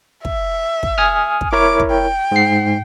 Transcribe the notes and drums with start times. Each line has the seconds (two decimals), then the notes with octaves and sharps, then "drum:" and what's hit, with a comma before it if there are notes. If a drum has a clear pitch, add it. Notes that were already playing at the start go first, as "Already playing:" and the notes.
0.25 E5, drum: kick
0.83 drum: kick
0.98 G#5 D#6 F6
1.41 drum: kick
1.53 E4 A#4 C#5 D6
1.80 drum: kick
1.91 G5
2.32 G#2 C7